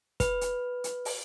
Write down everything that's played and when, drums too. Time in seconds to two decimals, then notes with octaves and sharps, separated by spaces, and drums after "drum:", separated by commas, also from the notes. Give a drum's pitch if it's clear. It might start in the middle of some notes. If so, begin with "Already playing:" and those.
0.20 B4, drum: kick, hi-hat
0.41 drum: hi-hat
0.84 drum: hi-hat
1.05 drum: open hi-hat